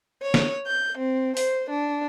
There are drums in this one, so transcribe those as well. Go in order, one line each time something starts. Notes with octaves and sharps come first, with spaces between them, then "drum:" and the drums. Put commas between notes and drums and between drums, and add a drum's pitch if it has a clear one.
C#5
drum: snare
G6
C4
C5, drum: open hi-hat
D4